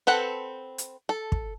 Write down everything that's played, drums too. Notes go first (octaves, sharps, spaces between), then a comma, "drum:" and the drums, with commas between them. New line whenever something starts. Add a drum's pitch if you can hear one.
C4 A4 B4 F#5
drum: hi-hat
A4
drum: kick